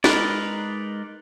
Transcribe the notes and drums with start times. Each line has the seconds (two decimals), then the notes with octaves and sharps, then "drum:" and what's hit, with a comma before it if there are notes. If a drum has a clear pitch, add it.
0.04 G#3 D#4 A#4 B4 D5, drum: snare